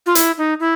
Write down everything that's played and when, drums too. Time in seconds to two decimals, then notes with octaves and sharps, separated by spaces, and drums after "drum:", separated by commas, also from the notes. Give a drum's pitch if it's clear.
0.06 F4
0.15 E4, drum: hi-hat
0.38 D#4
0.60 E4